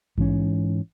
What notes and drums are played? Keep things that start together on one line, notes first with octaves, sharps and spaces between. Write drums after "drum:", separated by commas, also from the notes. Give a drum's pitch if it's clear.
G#2 E3 C#4, drum: kick A#1